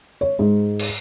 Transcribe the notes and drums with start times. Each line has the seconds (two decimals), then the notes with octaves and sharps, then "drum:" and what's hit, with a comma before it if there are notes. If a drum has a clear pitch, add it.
0.21 C#5
0.39 G#2
0.79 drum: cymbal